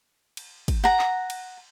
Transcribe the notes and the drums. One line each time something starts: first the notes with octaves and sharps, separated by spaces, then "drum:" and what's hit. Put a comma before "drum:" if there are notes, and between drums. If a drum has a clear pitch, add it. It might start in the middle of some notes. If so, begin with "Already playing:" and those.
drum: cymbal
drum: kick, cymbal
F#5 A#5
drum: clap
drum: cymbal